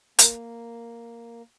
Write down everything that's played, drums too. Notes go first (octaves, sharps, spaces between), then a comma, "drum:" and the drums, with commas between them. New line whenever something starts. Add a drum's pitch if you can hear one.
A#3 A#4, drum: hi-hat